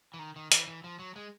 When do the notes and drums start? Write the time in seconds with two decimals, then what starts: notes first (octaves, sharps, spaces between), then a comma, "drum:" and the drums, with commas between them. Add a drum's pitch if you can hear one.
0.14 E3
0.19 D#3
0.36 D#3
0.52 E3, drum: hi-hat
0.68 E3
0.84 F3
0.99 F#3
1.16 G#3